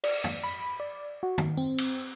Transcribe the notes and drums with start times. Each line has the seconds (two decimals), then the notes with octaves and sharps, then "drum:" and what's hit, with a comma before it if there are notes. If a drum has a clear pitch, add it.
0.04 D5, drum: cymbal
0.24 drum: tom
0.44 B5
0.80 D5
1.23 F#4
1.38 D#3, drum: tom
1.57 C4
1.78 drum: cymbal